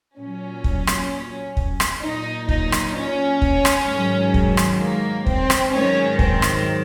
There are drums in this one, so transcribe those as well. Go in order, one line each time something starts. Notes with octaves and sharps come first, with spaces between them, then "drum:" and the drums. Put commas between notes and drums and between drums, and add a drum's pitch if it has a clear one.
A#2 F#3 C#4
drum: kick
drum: rim click
drum: kick
drum: rim click
A#2 F#3 D#4
D#4, drum: kick
drum: rim click
C#4
drum: kick
drum: rim click
G#2 D#3 F#3
drum: kick
drum: rim click
A#3
C4, drum: kick
drum: rim click
G#2 D#3 F#3 C#4
C4, drum: kick
drum: rim click